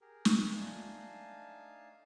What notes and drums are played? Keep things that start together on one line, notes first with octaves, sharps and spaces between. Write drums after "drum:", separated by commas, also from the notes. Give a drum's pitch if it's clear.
G4 G#4 A#4
drum: snare
A3 D4 D#4 F5 G#5 A5